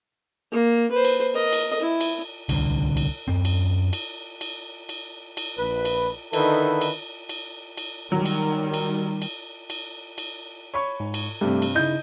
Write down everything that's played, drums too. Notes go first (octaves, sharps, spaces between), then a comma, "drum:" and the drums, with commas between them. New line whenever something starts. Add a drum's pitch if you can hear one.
A#3
B4 C5
drum: cymbal
A#4 D#5
drum: cymbal
E4
drum: cymbal
D1 C2 D3, drum: cymbal
drum: cymbal
F#2 C4
drum: cymbal
drum: cymbal
drum: cymbal
drum: cymbal
drum: cymbal
A#1 B4
drum: cymbal
D3 D#3 D#4 E4 A4 B4, drum: cymbal
drum: cymbal
drum: cymbal
drum: cymbal
D#3 F#3 G3
drum: cymbal
drum: cymbal
drum: cymbal
drum: cymbal
drum: cymbal
C#5 B5 C#6
G#2
drum: cymbal
G2 C3 G3 A3 G4
drum: cymbal
C#3 D#4 E4 D#5 G6